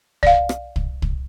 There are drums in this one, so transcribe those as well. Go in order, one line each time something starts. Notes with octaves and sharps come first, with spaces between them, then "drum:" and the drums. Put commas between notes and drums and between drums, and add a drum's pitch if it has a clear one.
D5 F5, drum: kick
drum: rim click
drum: kick
drum: kick